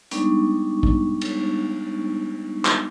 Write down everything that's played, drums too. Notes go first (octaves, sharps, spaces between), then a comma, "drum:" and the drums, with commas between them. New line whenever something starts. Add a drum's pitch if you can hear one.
G3 G#3 B3 D4 D#4 C#6, drum: hi-hat
drum: kick A#1
drum: cymbal
drum: clap